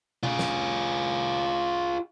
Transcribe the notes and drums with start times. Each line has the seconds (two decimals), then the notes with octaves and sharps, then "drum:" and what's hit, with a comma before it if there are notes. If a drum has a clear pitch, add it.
0.23 F4 G#4, drum: tom B2
0.39 drum: snare